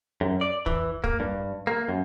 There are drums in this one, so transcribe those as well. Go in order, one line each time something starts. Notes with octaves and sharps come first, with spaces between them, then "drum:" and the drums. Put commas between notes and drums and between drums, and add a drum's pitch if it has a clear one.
F#2
D5
E3, drum: kick
A#3, drum: kick
G2
A#3
F#2